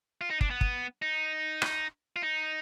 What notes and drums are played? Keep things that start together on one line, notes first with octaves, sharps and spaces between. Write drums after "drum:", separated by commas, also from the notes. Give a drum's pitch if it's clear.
F4
D#4
D4, drum: kick
B3
drum: kick
D#4
drum: rim click
F4
D#4